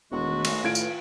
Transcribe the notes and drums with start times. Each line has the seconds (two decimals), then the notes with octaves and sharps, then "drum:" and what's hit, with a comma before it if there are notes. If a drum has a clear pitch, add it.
0.12 E1 D#3 F#3 G#3 A3 F#4 B4
0.45 drum: cymbal
0.64 A2 F4 B4 G#6 D7
0.75 drum: tambourine